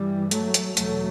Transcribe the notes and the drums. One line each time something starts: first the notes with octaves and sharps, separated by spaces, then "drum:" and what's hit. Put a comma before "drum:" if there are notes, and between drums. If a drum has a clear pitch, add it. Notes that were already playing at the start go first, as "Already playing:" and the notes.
Already playing: G2 E3 G3
F#3 A3, drum: hi-hat
drum: hi-hat
E2 B2 F#3 A3, drum: hi-hat